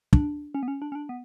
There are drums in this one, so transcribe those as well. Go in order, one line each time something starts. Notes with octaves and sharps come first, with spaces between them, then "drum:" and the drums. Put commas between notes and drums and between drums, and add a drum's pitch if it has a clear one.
D4, drum: kick
C#4
B3
C#4
D4
C#4
D4
B3